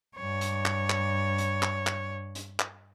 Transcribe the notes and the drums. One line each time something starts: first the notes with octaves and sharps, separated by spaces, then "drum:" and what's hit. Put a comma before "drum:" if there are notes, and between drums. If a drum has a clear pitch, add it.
G2 C#5
drum: hi-hat
drum: clap
drum: clap
drum: hi-hat
drum: clap
drum: clap
drum: hi-hat
drum: clap